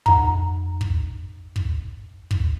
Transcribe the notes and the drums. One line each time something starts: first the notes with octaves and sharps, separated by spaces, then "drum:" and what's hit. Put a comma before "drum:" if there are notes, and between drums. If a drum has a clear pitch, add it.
F2 A#5, drum: kick
drum: kick
drum: kick
drum: kick